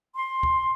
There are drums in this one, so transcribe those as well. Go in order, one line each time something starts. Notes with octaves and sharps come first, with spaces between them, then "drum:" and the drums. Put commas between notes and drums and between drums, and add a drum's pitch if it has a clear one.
C6
drum: kick